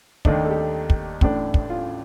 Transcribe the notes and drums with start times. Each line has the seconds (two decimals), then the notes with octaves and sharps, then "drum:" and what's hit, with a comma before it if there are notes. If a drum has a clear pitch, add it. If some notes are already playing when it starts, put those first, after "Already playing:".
0.25 D#2 D#3 A3 D4 D#4, drum: kick
0.45 A4
0.50 G4
0.90 drum: kick
1.21 A1 A2 A3 D4, drum: kick
1.54 drum: kick
1.70 F4